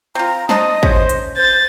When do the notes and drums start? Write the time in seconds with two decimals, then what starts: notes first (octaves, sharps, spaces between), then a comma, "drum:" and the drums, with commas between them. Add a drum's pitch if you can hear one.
0.15 C4 F4 A#5
0.49 D4 C5 D#5 A5 D#6, drum: snare
0.83 C#4 C5, drum: kick
1.09 drum: hi-hat
1.37 C5 G6 A6